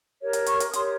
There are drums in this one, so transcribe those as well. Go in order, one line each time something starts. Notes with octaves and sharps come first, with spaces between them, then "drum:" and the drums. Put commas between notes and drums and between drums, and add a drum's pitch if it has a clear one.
G4 A#4 C#5
drum: hi-hat
C#6 F6, drum: hi-hat
drum: hi-hat
G4 A#4 C#5 C6 D#6, drum: hi-hat